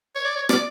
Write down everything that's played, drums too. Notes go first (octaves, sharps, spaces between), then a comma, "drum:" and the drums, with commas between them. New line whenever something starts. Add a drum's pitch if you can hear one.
C#5
D5
C#5
D5, drum: rim click